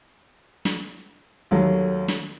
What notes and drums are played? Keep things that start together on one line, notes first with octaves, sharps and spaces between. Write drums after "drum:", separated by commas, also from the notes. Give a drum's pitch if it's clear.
drum: snare
D#2 F#3 A3
drum: snare